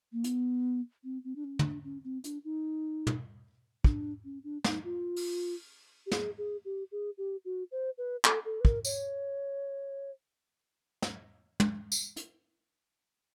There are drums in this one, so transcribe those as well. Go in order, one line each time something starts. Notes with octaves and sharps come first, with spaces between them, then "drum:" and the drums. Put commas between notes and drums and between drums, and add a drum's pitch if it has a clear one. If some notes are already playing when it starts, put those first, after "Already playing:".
A#3
B3, drum: hi-hat
C4
C4
D4
C#4
D#4, drum: tom
D4
C#4
C4
D4, drum: hi-hat
D#4
drum: tom
D4, drum: kick
C#4
D4
D#4, drum: snare
F4
drum: open hi-hat
G4
G#4, drum: snare
G#4
G4
G#4
G4
F#4
C5
B4
A4, drum: clap
A4
B4
A#4, drum: kick
C#5, drum: tambourine
drum: snare
drum: tom
drum: tambourine
drum: hi-hat